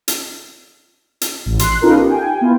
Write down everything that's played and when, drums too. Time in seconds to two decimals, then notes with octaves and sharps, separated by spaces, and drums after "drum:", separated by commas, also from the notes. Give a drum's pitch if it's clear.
0.08 drum: hi-hat
1.21 drum: hi-hat
1.46 A1
1.59 C6 F#6, drum: hi-hat
1.81 B3 C#4 D#4 F4 A4 A#4
1.96 G4
2.09 G5 G#5
2.41 B3 E4 F4